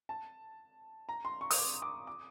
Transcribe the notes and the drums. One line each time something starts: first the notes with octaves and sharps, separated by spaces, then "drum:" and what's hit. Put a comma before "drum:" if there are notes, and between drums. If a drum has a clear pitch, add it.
A5
A#5
C6
C#6
D#6, drum: open hi-hat
D6
D6
D6